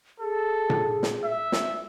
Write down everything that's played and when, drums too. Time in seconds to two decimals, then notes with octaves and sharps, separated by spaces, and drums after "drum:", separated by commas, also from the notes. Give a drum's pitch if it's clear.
0.20 G#4 A4
0.70 drum: tom A#2
1.03 drum: snare
1.25 E5
1.52 drum: snare